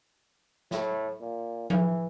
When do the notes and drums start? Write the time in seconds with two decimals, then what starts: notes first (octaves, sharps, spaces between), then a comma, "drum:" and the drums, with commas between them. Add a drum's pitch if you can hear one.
0.71 A2, drum: snare
1.20 A#2
1.70 E3, drum: tom F3